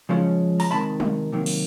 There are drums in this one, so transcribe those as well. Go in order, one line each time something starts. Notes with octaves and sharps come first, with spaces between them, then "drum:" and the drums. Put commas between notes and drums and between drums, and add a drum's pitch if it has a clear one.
C#3 F3 G#3 C#4
A#5, drum: open hi-hat
C3 D#3 G#3 A5 B5
drum: tom
C3 D#3 F#3 A#3
drum: cymbal